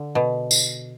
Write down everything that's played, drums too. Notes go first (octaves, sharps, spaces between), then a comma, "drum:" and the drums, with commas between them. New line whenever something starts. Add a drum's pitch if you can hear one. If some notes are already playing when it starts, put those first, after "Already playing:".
Already playing: D3
B2
drum: tambourine